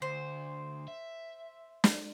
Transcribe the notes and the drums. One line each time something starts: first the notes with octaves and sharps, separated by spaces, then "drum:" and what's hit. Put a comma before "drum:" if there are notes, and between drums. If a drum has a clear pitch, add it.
D2 C5
E5
drum: snare